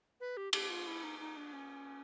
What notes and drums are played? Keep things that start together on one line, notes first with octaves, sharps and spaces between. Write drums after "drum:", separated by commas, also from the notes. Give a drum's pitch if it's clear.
B4
G4
G4, drum: cymbal
F4
E4
D#4
D#4
D4
C#4